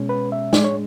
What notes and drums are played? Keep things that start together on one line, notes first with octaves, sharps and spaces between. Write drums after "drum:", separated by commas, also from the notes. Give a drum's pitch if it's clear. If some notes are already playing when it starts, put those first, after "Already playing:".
Already playing: B2 G#3 C#4
B4
E5
A2 G#3 D4 D5, drum: snare
C#5